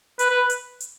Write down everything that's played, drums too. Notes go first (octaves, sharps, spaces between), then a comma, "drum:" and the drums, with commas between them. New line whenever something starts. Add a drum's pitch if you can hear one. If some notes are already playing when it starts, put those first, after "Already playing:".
B4, drum: hi-hat
B4
drum: hi-hat
drum: hi-hat